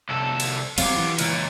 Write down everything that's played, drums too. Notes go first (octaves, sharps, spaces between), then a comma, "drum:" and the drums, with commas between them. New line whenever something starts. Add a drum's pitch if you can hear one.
C2 A4
drum: cymbal
F#3 C4 F4 G4, drum: cymbal
E3
C#2 A#2, drum: cymbal